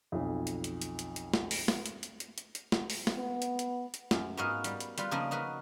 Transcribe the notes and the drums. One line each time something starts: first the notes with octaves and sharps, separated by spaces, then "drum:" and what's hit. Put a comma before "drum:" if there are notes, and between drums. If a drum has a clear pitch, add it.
B1 F2
drum: hi-hat
drum: hi-hat
drum: hi-hat
drum: hi-hat
drum: hi-hat
drum: snare
drum: open hi-hat
drum: snare
drum: hi-hat
drum: hi-hat
drum: hi-hat
drum: hi-hat
drum: hi-hat
drum: snare
drum: open hi-hat
drum: snare
B3
drum: hi-hat
drum: hi-hat
drum: hi-hat
F#2, drum: snare
G#2 B3 F#4 A#4 D#5 F5
G3, drum: hi-hat
drum: hi-hat
G3 F4 B4, drum: hi-hat
C#3 F3 A#3 D4 D#4 A#4
D#4 F#4 A#4 B4